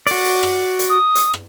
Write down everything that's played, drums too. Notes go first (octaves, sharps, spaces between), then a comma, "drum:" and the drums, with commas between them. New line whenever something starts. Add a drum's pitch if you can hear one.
F#4 D5, drum: open hi-hat
drum: open hi-hat
drum: rim click
drum: hi-hat
D#6
drum: hi-hat
drum: rim click